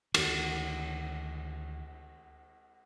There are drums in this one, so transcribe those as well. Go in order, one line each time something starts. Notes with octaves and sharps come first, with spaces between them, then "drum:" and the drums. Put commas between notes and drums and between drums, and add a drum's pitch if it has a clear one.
D2 D#3, drum: cymbal